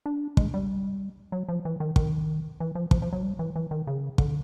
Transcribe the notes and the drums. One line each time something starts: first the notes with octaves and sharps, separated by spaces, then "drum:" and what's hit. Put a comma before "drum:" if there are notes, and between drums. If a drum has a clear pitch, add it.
D4
G#3, drum: kick
G3
F#3
F3
E3
D#3
D#3, drum: kick
E3
F3
F3, drum: kick
F3
F#3
G3
E3
E3
D#3
C#3
D3, drum: kick